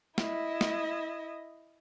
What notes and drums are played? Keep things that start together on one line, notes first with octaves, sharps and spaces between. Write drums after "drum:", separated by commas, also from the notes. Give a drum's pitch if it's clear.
E4 D#5, drum: snare
drum: snare